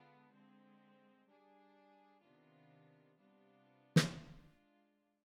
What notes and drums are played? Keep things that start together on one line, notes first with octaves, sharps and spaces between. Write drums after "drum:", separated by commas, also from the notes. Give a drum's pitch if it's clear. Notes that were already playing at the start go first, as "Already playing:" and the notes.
Already playing: D3 G#3 B3 D4 F4
D3 G#3 C4
G3 D4 G#4
C3 D#3 B3 D4 F4
C3 G3 B3 D4 F4
drum: snare
G#3 D4 F4